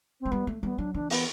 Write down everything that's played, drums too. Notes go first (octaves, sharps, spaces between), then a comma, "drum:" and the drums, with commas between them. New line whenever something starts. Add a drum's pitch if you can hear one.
C4
A3
G3 B3
A3
G3 B3
F#3 D4
E3 D4
B3, drum: open hi-hat